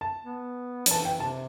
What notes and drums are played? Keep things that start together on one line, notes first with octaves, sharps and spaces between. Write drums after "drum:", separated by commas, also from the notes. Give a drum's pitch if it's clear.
A5
B3
F#3, drum: hi-hat
E3 A5
E3 G5
C3 A5